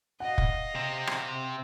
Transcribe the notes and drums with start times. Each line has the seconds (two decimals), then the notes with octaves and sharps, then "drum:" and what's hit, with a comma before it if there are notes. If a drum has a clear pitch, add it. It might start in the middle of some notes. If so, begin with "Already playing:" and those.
0.20 D#5 F5 F#5
0.38 drum: kick
0.75 C3 C4
1.07 drum: rim click